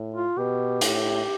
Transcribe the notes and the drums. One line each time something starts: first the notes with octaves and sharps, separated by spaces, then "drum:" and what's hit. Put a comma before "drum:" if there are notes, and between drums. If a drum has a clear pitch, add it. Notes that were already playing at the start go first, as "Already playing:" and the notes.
Already playing: A2
F4
B2 G4
A2, drum: hi-hat